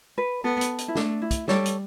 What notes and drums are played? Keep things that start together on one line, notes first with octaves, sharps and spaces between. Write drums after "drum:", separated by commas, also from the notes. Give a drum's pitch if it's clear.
B4
B3 A4
drum: hi-hat
drum: hi-hat
E4
A3 D4, drum: snare
E4
drum: kick, hi-hat
G3 A4 C#5, drum: snare
drum: hi-hat